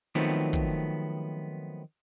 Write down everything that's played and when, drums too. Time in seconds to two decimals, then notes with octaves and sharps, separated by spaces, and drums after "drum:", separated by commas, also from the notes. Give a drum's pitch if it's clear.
0.15 D#3 F3 F#3 A3 B3 C4, drum: open hi-hat
0.53 drum: kick